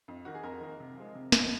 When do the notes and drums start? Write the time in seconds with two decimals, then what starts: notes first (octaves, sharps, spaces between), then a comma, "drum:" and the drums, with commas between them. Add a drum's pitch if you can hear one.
0.08 F2
0.25 D#3 A#3 F#4
0.34 G#4
0.43 F2 A#4
0.61 D#3 A#3
0.80 C3
0.97 F3 G#3
1.15 C3
1.32 F3 G#3, drum: snare